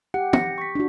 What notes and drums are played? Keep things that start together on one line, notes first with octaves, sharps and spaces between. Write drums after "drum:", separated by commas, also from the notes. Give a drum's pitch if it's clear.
G4 F#5
A#6 C#7, drum: tom
C#6 B6
D4 F#4